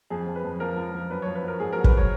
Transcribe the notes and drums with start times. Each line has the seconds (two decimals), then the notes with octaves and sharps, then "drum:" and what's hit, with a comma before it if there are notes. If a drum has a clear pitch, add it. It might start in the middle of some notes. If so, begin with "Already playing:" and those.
0.10 F2 G#4
0.26 F3
0.36 B4
0.44 F2
0.60 F3 A#4
0.76 C#2
0.93 F3
1.10 F#2 B4
1.22 C#5
1.26 F3
1.35 B4
1.43 F3
1.48 A#4
1.60 G#2 G#4
1.72 F#3 A#4
1.84 B4, drum: kick
1.97 C#5